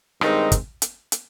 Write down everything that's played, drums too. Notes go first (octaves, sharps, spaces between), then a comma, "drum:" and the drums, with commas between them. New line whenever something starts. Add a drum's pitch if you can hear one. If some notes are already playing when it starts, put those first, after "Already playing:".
G2 D#3 G#3 C4 D#4, drum: rim click
drum: kick, hi-hat
drum: hi-hat
drum: hi-hat